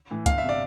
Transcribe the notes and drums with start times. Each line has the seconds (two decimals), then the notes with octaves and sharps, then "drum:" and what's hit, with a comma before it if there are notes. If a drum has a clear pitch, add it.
0.11 A2 E3
0.26 G1 F5, drum: kick C#2, hi-hat
0.38 E5
0.44 C3 D5